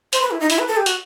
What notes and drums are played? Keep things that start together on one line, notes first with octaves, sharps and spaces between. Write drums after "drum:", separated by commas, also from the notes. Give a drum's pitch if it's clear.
C5, drum: hi-hat
B4
E4
D#4
E4, drum: hi-hat
B4
A4
G4
F#4, drum: hi-hat